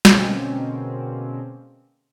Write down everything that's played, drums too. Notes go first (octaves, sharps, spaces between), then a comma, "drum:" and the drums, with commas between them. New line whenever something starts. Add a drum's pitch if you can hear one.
B2 D3 G#3 A#3 C4 C#4, drum: snare